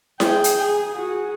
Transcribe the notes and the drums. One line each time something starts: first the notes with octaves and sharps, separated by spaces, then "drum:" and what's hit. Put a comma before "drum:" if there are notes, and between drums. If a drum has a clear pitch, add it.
G#4 G5, drum: snare E4
drum: hi-hat
G#4
F#4 G#4